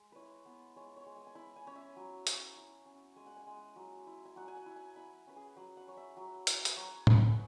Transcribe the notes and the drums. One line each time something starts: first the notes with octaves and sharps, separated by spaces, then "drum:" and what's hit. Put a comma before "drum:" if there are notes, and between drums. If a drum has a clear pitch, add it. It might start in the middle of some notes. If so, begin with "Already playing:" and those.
Already playing: G#3
E4 B4 C#5
B3
G#3 C#5
C#5
G#3
G#5
G#5
E4 B5
G#5
C#4 C#5
E5
F#3
F#3, drum: hi-hat
E4
C#4
G#3 G#5
F#5
G#5
G#3
F#3
E4
G#5
F#3 F#5
G#5
F#5
E4
G#5
E4 B5
C#4 B4
G#4
F#3 F#5
F#5
F#3 C#5
E5
F#3
E4, drum: hi-hat
B4, drum: hi-hat
F#3 C#5
E4 G#4, drum: tom
B4
G#4